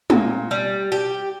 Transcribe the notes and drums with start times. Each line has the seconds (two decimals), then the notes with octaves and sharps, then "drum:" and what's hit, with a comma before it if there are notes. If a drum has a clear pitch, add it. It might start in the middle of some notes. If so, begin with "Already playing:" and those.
0.10 A#2, drum: tom
0.51 G3
0.92 G4